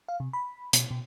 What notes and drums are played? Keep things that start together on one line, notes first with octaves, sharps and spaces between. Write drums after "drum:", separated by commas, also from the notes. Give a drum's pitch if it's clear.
F5
C3
B5
B2, drum: hi-hat
B2